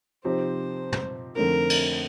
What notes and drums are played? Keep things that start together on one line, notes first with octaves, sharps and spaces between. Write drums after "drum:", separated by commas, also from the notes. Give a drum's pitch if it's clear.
C3 F3 C4 D#4 G4 C5
drum: tom
F2 D3 A3 C4 D#4 A#4
drum: cymbal